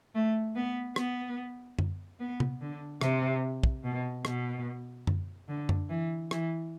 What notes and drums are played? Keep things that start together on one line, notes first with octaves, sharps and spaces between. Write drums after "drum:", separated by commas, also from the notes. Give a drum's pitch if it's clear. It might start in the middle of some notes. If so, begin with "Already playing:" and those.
A3
B3
B3, drum: rim click
drum: tom F#2
B3
drum: tom C3
D3
C3, drum: rim click
drum: kick
B2
B2, drum: rim click
drum: tom F#2
D3
drum: tom F#2
E3
E3, drum: rim click